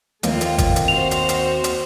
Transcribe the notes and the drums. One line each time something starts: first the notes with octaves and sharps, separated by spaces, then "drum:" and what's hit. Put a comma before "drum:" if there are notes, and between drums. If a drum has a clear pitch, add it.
D#2 A3 A#3 C4 F4, drum: hi-hat
drum: hi-hat
drum: kick G#1, hi-hat
drum: hi-hat
F#4 C5 F7
drum: hi-hat
drum: hi-hat
drum: hi-hat